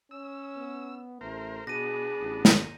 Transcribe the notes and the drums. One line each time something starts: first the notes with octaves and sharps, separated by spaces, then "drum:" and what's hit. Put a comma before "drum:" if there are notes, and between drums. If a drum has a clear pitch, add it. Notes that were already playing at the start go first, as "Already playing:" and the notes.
C#4 E6
B3
A1 A3 A#4 C5
B2 B3 D4 G#4 A#6 D#7
A1
drum: snare